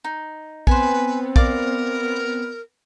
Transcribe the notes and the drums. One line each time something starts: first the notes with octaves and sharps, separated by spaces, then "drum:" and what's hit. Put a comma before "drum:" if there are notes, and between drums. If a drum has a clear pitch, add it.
D#4
B3 C4 B4 C5 G#5, drum: kick
A#4 D5 F5 D6, drum: kick